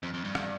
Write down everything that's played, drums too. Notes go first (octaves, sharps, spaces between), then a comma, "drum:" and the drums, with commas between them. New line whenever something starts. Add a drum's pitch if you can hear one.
F2
F2
G2
drum: rim click